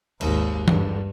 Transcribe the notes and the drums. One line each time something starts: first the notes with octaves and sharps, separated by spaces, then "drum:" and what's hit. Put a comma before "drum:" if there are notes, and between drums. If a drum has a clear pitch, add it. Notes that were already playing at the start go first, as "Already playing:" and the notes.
G#1 D#2, drum: cymbal
G2, drum: tom E3